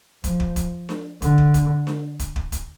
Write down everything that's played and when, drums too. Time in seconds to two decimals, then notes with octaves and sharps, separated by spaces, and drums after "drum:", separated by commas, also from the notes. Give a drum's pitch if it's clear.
0.24 F3, drum: kick, hi-hat
0.40 drum: kick
0.56 drum: kick, hi-hat
0.89 drum: snare D4
1.22 D3, drum: kick, hi-hat
1.38 drum: kick
1.54 drum: kick, hi-hat
1.87 drum: snare D4
2.19 drum: kick, hi-hat
2.36 drum: kick
2.52 drum: kick, hi-hat